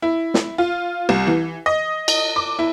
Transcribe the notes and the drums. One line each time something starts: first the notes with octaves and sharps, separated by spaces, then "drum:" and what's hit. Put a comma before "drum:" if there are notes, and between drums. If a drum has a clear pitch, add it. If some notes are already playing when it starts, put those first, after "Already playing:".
E4
drum: snare
F4
C2
E3
D#5
drum: cymbal
D6
E4